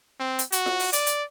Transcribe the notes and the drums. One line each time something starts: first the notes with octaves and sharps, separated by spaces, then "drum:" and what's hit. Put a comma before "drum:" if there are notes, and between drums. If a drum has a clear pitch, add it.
C4
drum: hi-hat
F#4, drum: hi-hat
drum: snare F4
drum: open hi-hat
D5, drum: hi-hat
drum: hi-hat